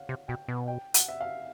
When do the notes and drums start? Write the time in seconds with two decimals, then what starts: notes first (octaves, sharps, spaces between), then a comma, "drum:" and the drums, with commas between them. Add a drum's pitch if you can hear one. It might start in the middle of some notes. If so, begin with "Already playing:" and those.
Already playing: C#5 F5 F#5
0.09 C3
0.28 B2 G5
0.48 B2
0.68 G5
0.94 F#5, drum: hi-hat
1.09 E5
1.21 F5